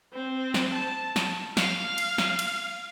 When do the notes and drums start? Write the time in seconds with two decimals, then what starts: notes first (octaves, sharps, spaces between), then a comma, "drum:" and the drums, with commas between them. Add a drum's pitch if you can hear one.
0.13 C4
0.54 drum: snare
0.74 A5
1.16 drum: snare
1.57 F5, drum: snare
1.98 drum: cymbal
2.18 drum: snare
2.39 drum: cymbal